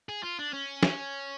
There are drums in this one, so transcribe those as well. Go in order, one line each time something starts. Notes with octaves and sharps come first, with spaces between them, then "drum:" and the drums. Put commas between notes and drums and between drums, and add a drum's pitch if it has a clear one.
G#4
F4
D4
C#4
drum: snare